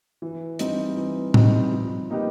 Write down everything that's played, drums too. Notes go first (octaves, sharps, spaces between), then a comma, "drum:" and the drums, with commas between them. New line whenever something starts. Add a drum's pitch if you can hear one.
E3
G3 C4 D#4, drum: hi-hat
E3
G3 C4 D#4, drum: tom A2
F3
A#3 D#4 G4 B4